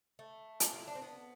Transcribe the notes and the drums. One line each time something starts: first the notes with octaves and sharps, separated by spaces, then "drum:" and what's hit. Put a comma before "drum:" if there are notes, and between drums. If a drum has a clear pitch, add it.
A3
drum: hi-hat
F4
E4
D4
C4
B3